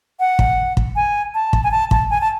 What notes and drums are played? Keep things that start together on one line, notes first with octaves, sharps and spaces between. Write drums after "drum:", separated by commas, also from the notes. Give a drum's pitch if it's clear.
F#5
drum: kick
drum: kick
G#5
A5
drum: kick
G#5
A5
A5, drum: kick
G#5
A5